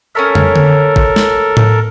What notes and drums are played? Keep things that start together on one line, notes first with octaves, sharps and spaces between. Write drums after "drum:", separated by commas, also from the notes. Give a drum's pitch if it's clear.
C#4 A4 A#4 C#5 E5
drum: tom
drum: tom D3
drum: kick G#1
drum: snare
drum: tom A2